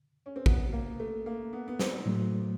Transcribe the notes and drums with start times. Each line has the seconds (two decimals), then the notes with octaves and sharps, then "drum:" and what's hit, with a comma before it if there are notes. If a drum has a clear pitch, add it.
0.26 C#4
0.36 C4
0.46 B3, drum: kick A1
0.72 A#3
1.00 A3
1.26 A#3
1.53 B3
1.68 B3
1.79 C4, drum: snare
2.06 A2 F#3 A3